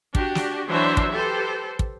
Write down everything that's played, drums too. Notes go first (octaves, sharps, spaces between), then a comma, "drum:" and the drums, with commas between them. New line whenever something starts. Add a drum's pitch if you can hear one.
D4 F#4 G4, drum: kick
drum: snare
E3 F#3 D4 C5 C#5 E5
drum: kick
G4 A4 B4 C5
drum: kick